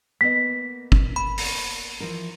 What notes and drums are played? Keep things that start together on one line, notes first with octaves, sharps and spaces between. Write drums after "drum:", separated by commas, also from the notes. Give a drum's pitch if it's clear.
A#3 B3 D#5 B6
drum: kick
B5
drum: open hi-hat
E3 F3 A#4